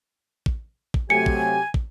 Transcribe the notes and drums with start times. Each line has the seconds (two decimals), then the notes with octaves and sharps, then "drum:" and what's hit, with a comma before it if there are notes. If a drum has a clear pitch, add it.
0.46 drum: kick
0.94 drum: kick
1.10 C3 F#3 A3 G4 G#5 C#7
1.26 drum: kick
1.74 drum: kick